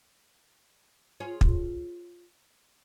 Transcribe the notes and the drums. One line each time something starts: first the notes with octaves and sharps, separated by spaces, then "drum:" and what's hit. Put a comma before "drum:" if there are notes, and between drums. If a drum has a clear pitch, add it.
F4 G#4 C#5
drum: kick